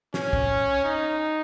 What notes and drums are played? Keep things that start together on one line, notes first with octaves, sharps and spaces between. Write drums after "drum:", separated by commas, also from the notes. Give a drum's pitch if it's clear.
C#4, drum: snare
drum: kick
D#4